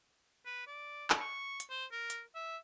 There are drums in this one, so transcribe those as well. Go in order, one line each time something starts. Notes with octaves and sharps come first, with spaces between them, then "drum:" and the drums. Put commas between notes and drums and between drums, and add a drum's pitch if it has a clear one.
B4
D5
drum: clap
C#6
drum: hi-hat
C5
A#4
drum: hi-hat
E5